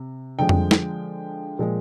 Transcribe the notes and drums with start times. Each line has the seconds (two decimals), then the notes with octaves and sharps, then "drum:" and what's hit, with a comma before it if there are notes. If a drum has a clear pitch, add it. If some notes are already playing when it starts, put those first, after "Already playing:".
Already playing: C3
0.39 D3 F3 G#3 G5
0.49 drum: tom F2
0.71 drum: snare
1.59 A#2 F3 G#3